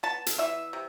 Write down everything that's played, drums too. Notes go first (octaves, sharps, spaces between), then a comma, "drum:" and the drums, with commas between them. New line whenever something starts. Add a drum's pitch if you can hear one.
B3 A5
drum: hi-hat
E3 E5
C3